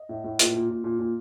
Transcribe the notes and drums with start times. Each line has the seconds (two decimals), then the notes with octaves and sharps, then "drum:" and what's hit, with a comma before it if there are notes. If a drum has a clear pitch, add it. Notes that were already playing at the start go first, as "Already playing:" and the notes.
Already playing: D#5
0.09 A2
0.24 A2
0.39 A#2, drum: hi-hat
0.54 A#2
0.69 A#2
0.84 A#2
0.99 A#2